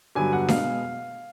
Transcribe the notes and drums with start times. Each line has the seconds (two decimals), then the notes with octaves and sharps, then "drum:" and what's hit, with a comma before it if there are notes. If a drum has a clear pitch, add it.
0.15 G2 D3 F#3 B3 G#5
0.33 F#5
0.48 B2 G#3 B3 F5, drum: snare D4